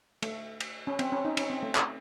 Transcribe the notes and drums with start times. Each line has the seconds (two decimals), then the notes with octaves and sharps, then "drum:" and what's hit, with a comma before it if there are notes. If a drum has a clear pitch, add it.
0.22 A3, drum: cymbal
0.60 drum: cymbal
0.87 C#4
0.99 C4, drum: cymbal
1.12 C#4
1.25 D#4
1.37 C#4, drum: cymbal
1.50 C4
1.63 A3
1.75 drum: clap